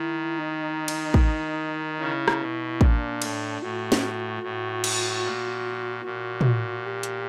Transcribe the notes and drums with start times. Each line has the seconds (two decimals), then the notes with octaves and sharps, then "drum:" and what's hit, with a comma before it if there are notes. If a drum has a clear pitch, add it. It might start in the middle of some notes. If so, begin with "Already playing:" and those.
Already playing: D#3 E4
0.38 D#4
0.88 drum: cymbal
1.14 drum: kick
2.00 C#3 E4
2.28 drum: rim click
2.40 B2
2.81 A#2 D4, drum: kick
3.22 A2, drum: cymbal
3.62 A2 F#4
3.92 drum: snare
4.42 A2 F#4
4.84 drum: cymbal
5.24 A#2
6.05 A#2 F#4
6.41 drum: tom
6.86 G4
7.03 drum: hi-hat